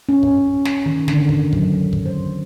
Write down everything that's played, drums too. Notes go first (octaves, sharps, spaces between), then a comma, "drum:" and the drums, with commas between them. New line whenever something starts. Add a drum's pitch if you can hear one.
C#4
drum: kick
drum: snare
D#3
D3, drum: snare
drum: kick
F#3, drum: kick
drum: kick
C5